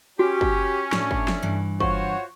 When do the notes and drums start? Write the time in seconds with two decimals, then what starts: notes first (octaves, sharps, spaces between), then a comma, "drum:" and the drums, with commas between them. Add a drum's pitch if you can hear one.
0.19 C#4 F#4 G4
0.41 drum: kick
0.93 A2 A3 D4, drum: snare
1.11 drum: kick
1.28 drum: snare
1.42 G2 E3
1.80 F4 F#4 C5 C#5 C#6, drum: kick